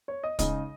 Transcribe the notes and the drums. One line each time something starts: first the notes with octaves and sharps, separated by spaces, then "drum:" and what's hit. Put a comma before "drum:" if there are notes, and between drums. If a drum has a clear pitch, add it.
C#5
D#5
C#3 G#3 D#4 D#5, drum: kick, hi-hat